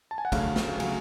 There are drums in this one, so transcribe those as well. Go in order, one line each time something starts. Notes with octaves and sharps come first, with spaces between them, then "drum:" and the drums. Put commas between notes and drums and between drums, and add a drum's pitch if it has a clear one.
A5
G#5
F#5
D2 C#3 F#3 A3 F5, drum: kick, cymbal
drum: snare
C#3 F#3 A3 G#5, drum: cymbal